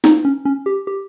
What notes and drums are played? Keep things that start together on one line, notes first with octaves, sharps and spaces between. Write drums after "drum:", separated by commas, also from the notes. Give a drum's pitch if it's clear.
D#4, drum: snare
C#4
C#4
G4
G4